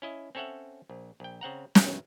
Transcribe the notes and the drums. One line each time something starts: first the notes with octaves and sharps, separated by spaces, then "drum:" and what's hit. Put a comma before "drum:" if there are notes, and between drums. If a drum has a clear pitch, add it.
C#4 E4 D#5
C4 C#4 A4 C#5 E5 F#5
A#1
A#1 G5
C#3 C4 F#5 A#5
B1 E2 G2 D#3 F#3 G#3, drum: snare